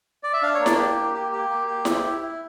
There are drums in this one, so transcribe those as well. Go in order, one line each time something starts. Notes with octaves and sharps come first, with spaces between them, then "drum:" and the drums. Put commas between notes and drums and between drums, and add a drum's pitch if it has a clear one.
D5
E5
D4 F5
C#5
A#3
D5, drum: snare E4
G4
A#3
G4
G4
A#3
G4
E4, drum: snare E4
E4
E4